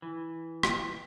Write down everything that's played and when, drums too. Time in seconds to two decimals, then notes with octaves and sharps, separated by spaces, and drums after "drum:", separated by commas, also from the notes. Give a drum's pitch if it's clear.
0.02 E3
0.63 drum: rim click